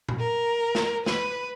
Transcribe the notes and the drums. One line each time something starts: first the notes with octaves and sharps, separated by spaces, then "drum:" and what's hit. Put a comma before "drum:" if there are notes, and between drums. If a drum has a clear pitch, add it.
drum: tom A#2
A#4
drum: snare
B4, drum: snare